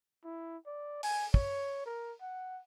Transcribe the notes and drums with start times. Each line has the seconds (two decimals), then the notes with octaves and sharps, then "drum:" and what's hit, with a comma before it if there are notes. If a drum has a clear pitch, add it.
0.24 E4
0.66 D5
1.03 G#5, drum: open hi-hat
1.34 C#5, drum: kick
1.86 A#4
2.21 F#5